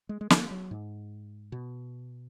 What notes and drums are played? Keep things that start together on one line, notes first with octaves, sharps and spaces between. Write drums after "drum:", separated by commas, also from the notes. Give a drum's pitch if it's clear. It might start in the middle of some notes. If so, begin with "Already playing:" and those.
G#3
G#3
A#3, drum: snare
F#3
G#2
B2